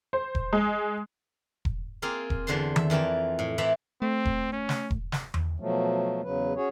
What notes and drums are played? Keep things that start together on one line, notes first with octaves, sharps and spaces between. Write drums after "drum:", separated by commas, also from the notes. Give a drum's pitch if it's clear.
C5
drum: kick E1
G#3
drum: kick E1
A#3 C4 F4 G#4 A#4
drum: kick E1
E2 D3 C5 A5 C6
E5, drum: tom D#3
F2 E3 A#4 G5 A5
A2
E3 C5 D5 E5 A#5 B5
A3 C4
drum: kick E1
C#4
drum: snare
drum: kick E1
drum: snare
drum: tom E2
B2 F3 F#3 A3
E2 C#3 F#3 B4
C#4 F#4 G#4 C#5